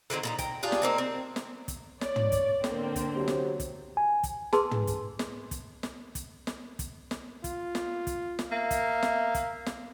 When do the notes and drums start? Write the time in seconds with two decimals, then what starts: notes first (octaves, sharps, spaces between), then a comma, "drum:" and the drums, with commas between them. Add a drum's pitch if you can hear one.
0.10 D3 D#3 F#3 C4
0.23 A#2 B3 D#4
0.39 G5 A#5, drum: kick, hi-hat
0.63 D4 F4 G4 G#4
0.72 drum: snare
0.82 A#3 C4 D#4
0.98 C4
1.36 drum: snare
1.68 drum: kick, hi-hat
2.01 C#5 D5, drum: snare
2.16 drum: tom
2.32 drum: kick, hi-hat
2.64 D3 A#3 C4 A4, drum: snare
2.96 drum: kick, hi-hat
3.16 C3 F#3
3.28 drum: snare
3.60 drum: kick, hi-hat
3.97 G#5
4.23 drum: kick, hi-hat
4.53 G#4 B4 A5 C6 E6, drum: snare
4.71 drum: tom
4.87 drum: kick, hi-hat
5.19 drum: snare
5.51 drum: kick, hi-hat
5.83 drum: snare
6.15 drum: kick, hi-hat
6.47 drum: snare
6.79 drum: kick, hi-hat
7.11 drum: snare
7.44 F4, drum: kick, hi-hat
7.75 drum: snare
8.07 drum: kick, hi-hat
8.39 drum: snare
8.51 A#3 E5
8.71 drum: kick, hi-hat
9.03 drum: snare
9.34 drum: kick, hi-hat
9.66 drum: snare